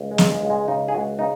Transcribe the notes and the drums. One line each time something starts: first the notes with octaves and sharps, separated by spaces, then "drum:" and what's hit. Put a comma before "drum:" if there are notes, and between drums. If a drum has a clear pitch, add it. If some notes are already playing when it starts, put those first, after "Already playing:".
Already playing: C#2
G#3
C#3, drum: snare
G#3
C#2
G#3
C#3 D#4
G#4
C#2 F#4
C#3 D#4